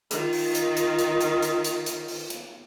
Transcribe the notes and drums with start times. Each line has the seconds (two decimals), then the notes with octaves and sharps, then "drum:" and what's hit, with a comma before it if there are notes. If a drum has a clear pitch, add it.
0.11 D#3 F4, drum: hi-hat
0.33 drum: open hi-hat
0.55 drum: hi-hat
0.77 drum: hi-hat
0.99 drum: hi-hat
1.21 drum: hi-hat
1.42 drum: hi-hat
1.64 drum: hi-hat
1.86 drum: hi-hat
2.08 drum: open hi-hat
2.30 drum: hi-hat